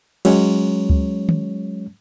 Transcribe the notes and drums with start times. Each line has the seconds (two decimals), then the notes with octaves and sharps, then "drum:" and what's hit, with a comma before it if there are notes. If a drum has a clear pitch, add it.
0.25 F#3 G#3 C#4 C#5, drum: cymbal
0.90 drum: kick C#2
1.29 drum: tom